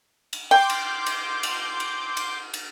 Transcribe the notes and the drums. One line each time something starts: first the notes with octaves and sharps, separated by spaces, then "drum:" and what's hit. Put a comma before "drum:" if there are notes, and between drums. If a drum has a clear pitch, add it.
drum: cymbal
G5 C6 D6 G6
drum: cymbal
drum: cymbal
drum: cymbal
drum: cymbal
drum: cymbal
drum: cymbal